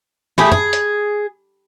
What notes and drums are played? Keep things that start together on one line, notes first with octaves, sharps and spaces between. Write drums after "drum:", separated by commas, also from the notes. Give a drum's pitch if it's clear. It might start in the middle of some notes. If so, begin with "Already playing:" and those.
A3 E4 G4 G#4, drum: snare
G#4, drum: tom
drum: hi-hat